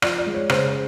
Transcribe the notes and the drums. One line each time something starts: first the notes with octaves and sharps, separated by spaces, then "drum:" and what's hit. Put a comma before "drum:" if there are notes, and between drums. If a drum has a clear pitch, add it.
F3 D5, drum: rim click
D5
G#3
C#5
C#3 C5, drum: rim click